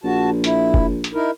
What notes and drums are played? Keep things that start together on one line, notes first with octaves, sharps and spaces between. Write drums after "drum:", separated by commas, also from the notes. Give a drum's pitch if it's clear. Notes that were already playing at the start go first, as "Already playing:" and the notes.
A#1 F#4 A5
E4, drum: hi-hat
drum: kick
drum: hi-hat
D#4 E4 A#4